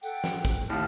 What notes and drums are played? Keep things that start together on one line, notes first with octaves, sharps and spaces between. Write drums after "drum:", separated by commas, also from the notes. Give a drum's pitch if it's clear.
A4 F#5 G5, drum: tambourine
drum: snare
drum: kick, tambourine
D#2 A2 A5 F6